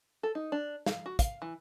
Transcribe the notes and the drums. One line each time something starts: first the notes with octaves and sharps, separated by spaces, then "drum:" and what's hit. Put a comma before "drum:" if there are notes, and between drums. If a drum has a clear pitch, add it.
A4
D#4
D4
F5, drum: snare
F#4
F5, drum: kick, hi-hat
E3